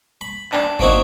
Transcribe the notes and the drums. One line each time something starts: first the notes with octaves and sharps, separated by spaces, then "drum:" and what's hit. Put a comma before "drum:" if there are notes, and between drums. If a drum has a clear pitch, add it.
B5
D4, drum: clap
F#3 A#3 C4 D#4 E4 F#4, drum: kick G1